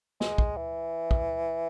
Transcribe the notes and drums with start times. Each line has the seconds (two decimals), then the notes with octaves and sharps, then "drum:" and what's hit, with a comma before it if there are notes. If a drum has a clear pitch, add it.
0.21 G#3, drum: snare
0.38 drum: kick
0.57 E3
1.11 drum: kick